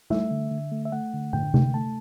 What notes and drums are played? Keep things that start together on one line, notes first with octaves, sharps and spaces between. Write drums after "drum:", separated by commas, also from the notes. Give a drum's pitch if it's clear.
A3 E5, drum: tom
D3
D3
A3
E5
A3 F#5
D3
D3 G5, drum: tom
A3, drum: tom C3
A3 A5